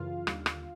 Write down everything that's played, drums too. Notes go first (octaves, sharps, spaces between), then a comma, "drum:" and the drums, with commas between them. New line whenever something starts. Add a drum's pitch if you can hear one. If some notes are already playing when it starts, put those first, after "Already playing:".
Already playing: F#2 C#3 E3 F4 F5
D#2 D3 G3, drum: rim click
drum: rim click